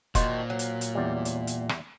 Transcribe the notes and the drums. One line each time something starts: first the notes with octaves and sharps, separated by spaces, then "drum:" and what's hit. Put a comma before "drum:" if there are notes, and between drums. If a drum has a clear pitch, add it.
A#2 D#3 F3 F#4 C5, drum: kick F1, hi-hat
F#3
drum: hi-hat
drum: hi-hat
E2 G3
drum: hi-hat
drum: hi-hat
drum: rim click